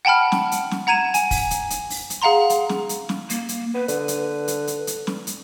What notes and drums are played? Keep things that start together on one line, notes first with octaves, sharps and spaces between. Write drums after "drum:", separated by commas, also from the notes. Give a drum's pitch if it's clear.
F#5 G5 A5 B5 F6
drum: snare
drum: hi-hat
drum: snare
F#5 A#5 G#6 D#7 E7
G#5, drum: hi-hat
drum: kick, open hi-hat
drum: hi-hat
drum: hi-hat
drum: open hi-hat
drum: hi-hat
G#4 F5 F#5 A#5 C6
drum: hi-hat
drum: snare
drum: hi-hat
drum: snare
A#3, drum: hi-hat
drum: hi-hat
B3 B4
D3, drum: hi-hat
drum: hi-hat
drum: hi-hat
drum: hi-hat
drum: hi-hat
drum: snare
drum: hi-hat